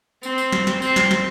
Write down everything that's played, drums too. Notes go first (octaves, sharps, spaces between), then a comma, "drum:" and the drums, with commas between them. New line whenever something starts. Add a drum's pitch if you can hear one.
C4, drum: tambourine
drum: tambourine
drum: snare
drum: snare
C4, drum: tambourine
drum: snare
drum: snare